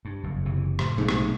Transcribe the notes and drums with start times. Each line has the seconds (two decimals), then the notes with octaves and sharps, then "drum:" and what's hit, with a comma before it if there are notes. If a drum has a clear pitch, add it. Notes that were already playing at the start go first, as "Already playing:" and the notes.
0.05 G2
0.23 F#1 F2
0.45 F#1 C3 E3
0.79 A2, drum: rim click
0.98 B1 G#2 C3 A3
1.09 drum: rim click